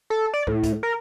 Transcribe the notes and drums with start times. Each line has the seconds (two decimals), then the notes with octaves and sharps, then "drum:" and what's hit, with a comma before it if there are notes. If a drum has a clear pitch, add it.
0.10 A4
0.34 D5
0.47 A2, drum: kick
0.63 drum: kick, hi-hat
0.83 A#4